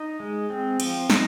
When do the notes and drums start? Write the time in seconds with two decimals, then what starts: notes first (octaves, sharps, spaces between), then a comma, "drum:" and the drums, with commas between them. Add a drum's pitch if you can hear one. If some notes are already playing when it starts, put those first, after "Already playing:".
Already playing: D#4
0.20 G#3
0.50 C4
0.80 F3, drum: cymbal
1.10 D#4, drum: snare